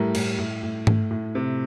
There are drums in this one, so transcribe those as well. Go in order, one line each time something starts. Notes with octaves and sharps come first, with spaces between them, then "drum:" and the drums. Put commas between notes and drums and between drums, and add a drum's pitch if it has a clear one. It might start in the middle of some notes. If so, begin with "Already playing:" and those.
Already playing: A2 G3 A#4
A2, drum: cymbal
A2
A2
A2, drum: tom G#2
A2
C3